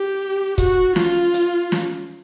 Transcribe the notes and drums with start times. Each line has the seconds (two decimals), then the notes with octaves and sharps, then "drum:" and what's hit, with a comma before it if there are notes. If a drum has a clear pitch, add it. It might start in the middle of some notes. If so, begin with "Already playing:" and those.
Already playing: G4
0.58 F#4, drum: kick, hi-hat
0.96 F4, drum: snare
1.34 drum: hi-hat
1.72 drum: snare